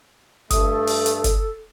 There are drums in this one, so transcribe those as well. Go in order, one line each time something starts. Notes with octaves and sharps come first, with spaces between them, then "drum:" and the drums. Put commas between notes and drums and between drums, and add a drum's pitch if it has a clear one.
G2 A3 A4 D#6, drum: kick F#1, hi-hat
drum: open hi-hat
drum: hi-hat
drum: kick F#1, hi-hat